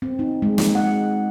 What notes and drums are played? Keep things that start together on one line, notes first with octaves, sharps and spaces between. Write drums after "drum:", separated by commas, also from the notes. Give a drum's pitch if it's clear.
C4
D#4
G#3
D#4, drum: snare
F#5